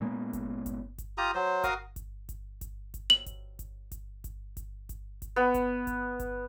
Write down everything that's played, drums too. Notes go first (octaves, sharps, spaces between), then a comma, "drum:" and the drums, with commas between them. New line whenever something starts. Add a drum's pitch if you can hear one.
A#2 G#3 A#3 B3
drum: kick G1, hi-hat
drum: kick G1, hi-hat
drum: kick G1, hi-hat
F4 G4 A#5 D#6
F#3 C5
F#4 A#4 F5 D#6, drum: kick G1, hi-hat
drum: kick G1, hi-hat
drum: kick G1, hi-hat
drum: kick G1, hi-hat
drum: kick G1, hi-hat
F#7
drum: kick G1, hi-hat
drum: kick G1, hi-hat
drum: kick G1, hi-hat
drum: kick G1, hi-hat
drum: kick G1, hi-hat
drum: kick G1, hi-hat
drum: kick G1, hi-hat
B3
drum: kick G1, hi-hat
drum: kick G1, hi-hat
drum: kick G1, hi-hat